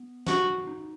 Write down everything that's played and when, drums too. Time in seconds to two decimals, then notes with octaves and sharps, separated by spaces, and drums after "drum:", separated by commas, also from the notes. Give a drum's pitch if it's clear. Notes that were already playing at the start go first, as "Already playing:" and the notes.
Already playing: B3
0.27 C#4 F#4, drum: snare
0.67 D#4